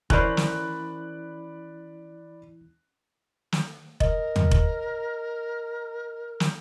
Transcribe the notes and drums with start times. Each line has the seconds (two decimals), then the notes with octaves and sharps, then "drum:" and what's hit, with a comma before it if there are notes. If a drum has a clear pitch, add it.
0.10 E3 C#4 E4 A#4 C5 D5 B5 F#6, drum: kick F1
0.37 drum: snare
3.52 drum: snare
4.00 A#4 D#5, drum: kick F1
4.36 drum: tom
4.51 drum: kick F1
6.40 drum: snare